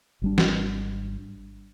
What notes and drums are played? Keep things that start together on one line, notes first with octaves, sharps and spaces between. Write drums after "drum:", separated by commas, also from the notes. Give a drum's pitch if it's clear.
G#1 G3 D4
drum: snare